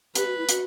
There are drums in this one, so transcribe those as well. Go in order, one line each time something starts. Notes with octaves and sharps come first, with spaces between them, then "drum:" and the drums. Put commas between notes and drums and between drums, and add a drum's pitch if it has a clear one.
G4 B4, drum: hi-hat
F#4
E4
F#4, drum: hi-hat